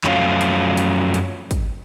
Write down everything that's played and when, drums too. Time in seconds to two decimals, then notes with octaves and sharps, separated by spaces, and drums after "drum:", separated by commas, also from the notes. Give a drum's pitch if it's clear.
0.04 F#2 F3 F#3 A3 C#4 F5, drum: clap
0.41 drum: hi-hat
0.77 drum: hi-hat
1.14 drum: hi-hat
1.51 drum: kick, hi-hat